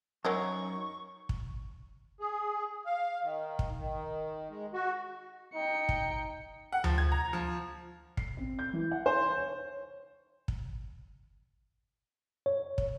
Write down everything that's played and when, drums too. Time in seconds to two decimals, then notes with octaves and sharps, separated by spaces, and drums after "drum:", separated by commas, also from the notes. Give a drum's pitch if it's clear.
0.25 F#2 F#3 C#4 D#4 A#4 C#6
1.29 drum: kick
2.20 G#4
2.86 F5
3.23 D#3
3.59 drum: kick
3.78 D#3
4.50 G#3
4.74 F#4
5.54 D#4 G5 C#7
5.89 drum: kick
6.72 F#5
6.84 F3, drum: tom D2
6.98 G#6
7.12 A#5
7.33 F3
8.17 C7, drum: kick
8.37 C4
8.59 G6
8.73 E3
8.91 F#5
9.06 C5
9.37 C#5
10.48 drum: kick
12.46 C#5
12.78 drum: kick